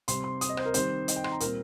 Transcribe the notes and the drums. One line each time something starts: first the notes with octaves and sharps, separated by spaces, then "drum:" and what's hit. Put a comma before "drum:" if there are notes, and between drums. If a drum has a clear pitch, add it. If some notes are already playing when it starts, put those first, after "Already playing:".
C3 G3 C4 C6, drum: hi-hat
C6
D#6, drum: hi-hat
D#5
C5, drum: rim click
A#4
D#3 G3 C4 C5, drum: hi-hat
D#5, drum: hi-hat
G5
C6, drum: rim click
A#5
A#2 G3 C4 A#4, drum: hi-hat